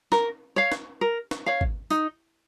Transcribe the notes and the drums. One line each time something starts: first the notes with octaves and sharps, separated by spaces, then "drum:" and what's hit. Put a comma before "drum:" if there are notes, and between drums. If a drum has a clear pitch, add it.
A#4, drum: snare
C#5 F5
drum: snare
A#4
drum: snare
C#5 F5
drum: kick
D#4, drum: tambourine